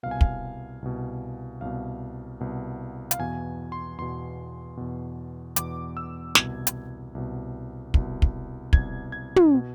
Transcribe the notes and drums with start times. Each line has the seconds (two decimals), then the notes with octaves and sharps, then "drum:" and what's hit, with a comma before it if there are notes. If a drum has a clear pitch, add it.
0.03 C2 B2 F5
0.11 G#5
0.21 F5, drum: kick
0.82 C2 B2
1.61 C2 B2 F5
2.40 C2 B2
3.11 F5, drum: hi-hat
3.19 E2 B2 G#5
3.72 C6
3.98 E2 B2 C6
4.77 E2 B2
5.56 E2 B2 D6, drum: hi-hat
5.97 E6
6.35 C2 B2 G#6, drum: snare
6.67 drum: hi-hat
7.15 C2 B2
7.94 C2 B2, drum: kick
8.22 drum: kick
8.73 C2 B2 G#6, drum: kick
9.12 G#6
9.36 drum: tom
9.54 B2